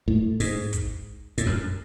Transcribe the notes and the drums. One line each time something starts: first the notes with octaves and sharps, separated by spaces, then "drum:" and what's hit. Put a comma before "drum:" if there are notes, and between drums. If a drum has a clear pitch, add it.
A2
G#2, drum: open hi-hat
drum: kick, hi-hat
A2, drum: hi-hat
F#2